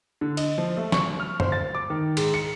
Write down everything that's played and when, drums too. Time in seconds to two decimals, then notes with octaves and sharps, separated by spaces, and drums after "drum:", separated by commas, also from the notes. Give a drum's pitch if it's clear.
0.21 D3
0.37 D#5, drum: cymbal
0.58 F3
0.77 A3
0.92 C#6, drum: snare
1.20 F6
1.40 C5, drum: tom
1.52 A6
1.75 D6
1.90 D#3
2.17 G#2, drum: cymbal
2.34 C#7